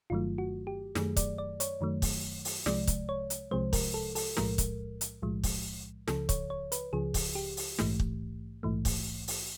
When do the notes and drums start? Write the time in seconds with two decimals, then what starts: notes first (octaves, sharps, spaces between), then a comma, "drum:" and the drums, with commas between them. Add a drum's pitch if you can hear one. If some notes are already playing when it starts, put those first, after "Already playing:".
0.10 G1 G2 D#3 F#3 A3 F4
0.38 F#4
0.67 G4
0.95 F#2 D#3 F#3 A3 G#4, drum: snare
1.17 D5, drum: kick, hi-hat
1.38 D5
1.60 C#5, drum: hi-hat
1.81 F#2 D#3 F#3 A3
2.02 drum: kick, open hi-hat
2.45 drum: open hi-hat
2.66 C2 C3 F3 G#3 D5, drum: snare
2.87 drum: kick, hi-hat
3.09 C#5
3.30 drum: hi-hat
3.51 C2 C3 F3 G#3 C5
3.73 A#4, drum: kick, open hi-hat
3.94 A4
4.15 A4, drum: open hi-hat
4.37 B1 A2 F3 G#3 A#4, drum: snare
4.58 drum: kick, hi-hat
5.01 drum: hi-hat
5.22 B1 A2 F3 G#3
5.43 drum: kick, open hi-hat
6.08 C#2 C#3 F3 A4, drum: snare
6.29 C#5, drum: kick, hi-hat
6.50 C#5
6.72 B4, drum: hi-hat
6.93 C#2 C#3 F3 G#4
7.14 drum: kick, open hi-hat
7.35 G4
7.57 drum: open hi-hat
7.79 A#1 G#2 E3 A3, drum: snare
8.00 drum: kick
8.63 A#1 G#2 E3 A3
8.85 drum: kick, open hi-hat
9.28 drum: open hi-hat